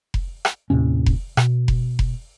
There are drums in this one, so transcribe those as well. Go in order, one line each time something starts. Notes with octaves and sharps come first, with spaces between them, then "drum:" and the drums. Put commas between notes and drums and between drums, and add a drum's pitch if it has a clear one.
drum: kick F1
drum: rim click
D#2 A2 C3 C#4
drum: kick F1
B2, drum: rim click
drum: kick F1
drum: kick F1